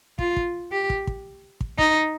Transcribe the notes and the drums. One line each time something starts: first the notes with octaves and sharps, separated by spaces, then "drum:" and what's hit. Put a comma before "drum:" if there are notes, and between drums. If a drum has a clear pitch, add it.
F4, drum: kick
drum: kick
G4
drum: kick
drum: kick
drum: kick
D#4, drum: kick